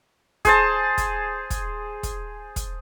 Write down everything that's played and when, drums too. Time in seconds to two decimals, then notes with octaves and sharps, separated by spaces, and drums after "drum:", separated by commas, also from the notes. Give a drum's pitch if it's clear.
0.45 G#4 C5 A5, drum: kick, hi-hat
0.98 drum: kick, hi-hat
1.50 drum: kick, hi-hat
2.03 drum: kick, hi-hat
2.56 drum: kick, hi-hat